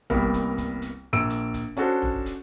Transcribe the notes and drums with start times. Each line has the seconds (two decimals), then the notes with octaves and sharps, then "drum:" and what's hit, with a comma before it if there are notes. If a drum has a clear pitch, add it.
0.10 C2 G3 A#3 B3 A#4, drum: tom
0.34 drum: hi-hat
0.58 drum: kick, hi-hat
0.82 drum: hi-hat
1.13 A#1 A#3 E6 D7
1.30 drum: hi-hat
1.54 drum: kick, hi-hat
1.77 C#4 D4 F#4 A4 C5, drum: hi-hat
2.02 drum: tom
2.26 drum: hi-hat